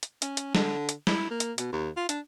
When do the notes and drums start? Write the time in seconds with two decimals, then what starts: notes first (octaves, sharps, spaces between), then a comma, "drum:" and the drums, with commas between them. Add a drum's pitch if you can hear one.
0.03 drum: hi-hat
0.22 C#4, drum: hi-hat
0.37 drum: hi-hat
0.55 D3, drum: snare
0.89 drum: hi-hat
1.07 E4, drum: snare
1.30 A#3
1.40 drum: hi-hat
1.58 B2, drum: hi-hat
1.73 D#2
1.97 F4
2.09 D4, drum: hi-hat